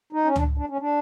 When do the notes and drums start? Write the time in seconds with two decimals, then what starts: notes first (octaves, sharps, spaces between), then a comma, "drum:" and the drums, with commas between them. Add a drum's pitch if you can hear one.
0.13 D#4
0.25 C#4
0.36 D4, drum: tom C#2
0.58 D4
0.70 C#4
0.81 D4